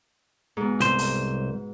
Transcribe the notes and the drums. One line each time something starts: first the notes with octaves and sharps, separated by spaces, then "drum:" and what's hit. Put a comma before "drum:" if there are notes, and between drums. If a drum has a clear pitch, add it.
G#2 B2
C2 C5, drum: hi-hat
drum: open hi-hat